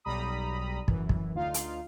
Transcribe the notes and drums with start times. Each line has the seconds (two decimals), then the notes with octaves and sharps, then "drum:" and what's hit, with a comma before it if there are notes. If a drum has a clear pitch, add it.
0.05 B1 G3 A#5 B5 D#6
0.88 F#2 E3, drum: kick
1.09 drum: kick
1.34 D2 D#4 F4 F5
1.54 drum: hi-hat